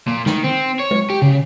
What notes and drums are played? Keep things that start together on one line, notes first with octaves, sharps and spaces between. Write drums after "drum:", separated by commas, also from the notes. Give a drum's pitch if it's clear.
A#2
D#3, drum: snare
C4
C#5
drum: tom G#3
G4
C#3